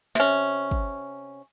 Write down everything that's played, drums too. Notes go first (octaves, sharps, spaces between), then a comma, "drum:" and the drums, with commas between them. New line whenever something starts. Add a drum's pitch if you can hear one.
C3 C#4, drum: snare
drum: kick